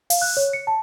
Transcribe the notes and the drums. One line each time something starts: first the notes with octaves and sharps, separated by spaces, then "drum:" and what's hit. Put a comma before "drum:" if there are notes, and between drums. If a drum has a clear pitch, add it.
F5, drum: open hi-hat
F#6
C#5
C#7
A5